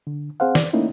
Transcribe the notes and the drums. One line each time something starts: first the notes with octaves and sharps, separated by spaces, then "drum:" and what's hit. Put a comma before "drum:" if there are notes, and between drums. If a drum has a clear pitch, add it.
D3
C4 G#4 C5 F5 F#5
D5, drum: snare
A3 A#3 C#4 D#4 E4